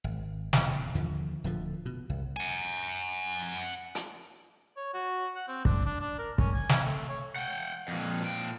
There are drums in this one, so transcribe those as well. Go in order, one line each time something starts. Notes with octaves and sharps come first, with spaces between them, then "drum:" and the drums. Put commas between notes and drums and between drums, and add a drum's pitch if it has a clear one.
G#1
D#1 E2, drum: snare
D#2 D3 F3
D1 D3 F3
B2
C2
F#5 G#5
drum: hi-hat
C#5
F#4
F#5
C4
D4, drum: kick
D4
D4
A#4
C#4, drum: kick
G#5
drum: snare
A3
C#5
F#5 G5
F2 A#2
A#2 G5